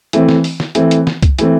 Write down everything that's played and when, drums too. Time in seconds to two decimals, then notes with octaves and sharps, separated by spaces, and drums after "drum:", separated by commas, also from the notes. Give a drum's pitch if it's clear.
0.13 E3 A3 C4, drum: hi-hat
0.29 drum: snare
0.44 drum: open hi-hat
0.60 drum: snare
0.75 E3 A3 C4, drum: hi-hat
0.91 drum: hi-hat
1.07 drum: snare
1.23 drum: kick C2, hi-hat
1.39 E3 A3 C4, drum: hi-hat